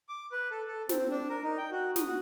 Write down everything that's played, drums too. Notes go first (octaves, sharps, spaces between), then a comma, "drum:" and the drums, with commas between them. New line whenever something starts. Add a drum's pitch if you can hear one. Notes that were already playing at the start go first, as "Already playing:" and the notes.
D6
B4
A4
A4
C4, drum: snare
D4
A#4
D#4
G5
F#4
D#6, drum: snare
F#4